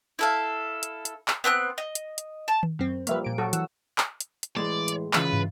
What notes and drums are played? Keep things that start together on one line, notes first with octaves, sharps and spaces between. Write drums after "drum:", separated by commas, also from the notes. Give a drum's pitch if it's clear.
E4 A4 F5
drum: hi-hat
drum: hi-hat
drum: clap
B3 C4 A5 F#6
D#5
drum: hi-hat
drum: hi-hat
A5
drum: tom D#3
F#2 C4
F3 G3 A#3 B4 E5 F6, drum: hi-hat
A#2 D7
F#3 F#4 A4
E3 F#5 E6, drum: hi-hat
drum: clap
drum: hi-hat
drum: hi-hat
A2 E3 G#3 D5
drum: hi-hat
G#2 C#3 E3 F4 B4, drum: clap
drum: tom